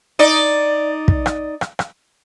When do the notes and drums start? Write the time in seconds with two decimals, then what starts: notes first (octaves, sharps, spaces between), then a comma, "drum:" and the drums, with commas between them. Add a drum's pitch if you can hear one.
0.19 D#4 D5
1.08 drum: kick
1.26 drum: rim click
1.61 drum: rim click
1.79 drum: rim click